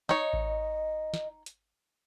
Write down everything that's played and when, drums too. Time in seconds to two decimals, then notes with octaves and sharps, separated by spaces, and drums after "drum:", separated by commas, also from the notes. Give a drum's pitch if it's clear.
0.09 D#4 C#5 D#5, drum: snare
0.33 drum: kick A1
1.14 drum: snare
1.46 drum: hi-hat